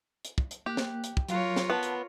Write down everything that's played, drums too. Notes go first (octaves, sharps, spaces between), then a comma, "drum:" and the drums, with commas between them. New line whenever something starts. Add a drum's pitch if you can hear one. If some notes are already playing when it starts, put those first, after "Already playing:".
drum: hi-hat
drum: kick
drum: hi-hat
A#3 G4 F#6
drum: snare
drum: hi-hat
drum: kick
F#3 F4 A#4 C#5 F5 F#6, drum: hi-hat
drum: snare
B3 B4 F#5 A5
drum: hi-hat